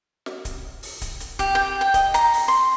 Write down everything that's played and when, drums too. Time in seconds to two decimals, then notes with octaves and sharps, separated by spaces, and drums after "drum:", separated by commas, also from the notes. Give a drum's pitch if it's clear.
0.26 drum: snare
0.45 drum: kick C#1, hi-hat
0.83 drum: open hi-hat
1.01 drum: kick C#1, hi-hat
1.20 drum: hi-hat
1.39 G4, drum: kick C#1, hi-hat
1.55 G5
1.81 G5
1.94 D#5, drum: kick C#1, hi-hat
2.14 A#5, drum: hi-hat
2.33 drum: open hi-hat
2.48 C6